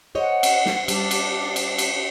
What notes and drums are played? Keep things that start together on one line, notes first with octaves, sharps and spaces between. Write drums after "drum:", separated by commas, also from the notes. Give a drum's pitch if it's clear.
C5 C#5 D#5 F#5
drum: cymbal
drum: snare
G3 D4, drum: cymbal
drum: cymbal
drum: cymbal
drum: cymbal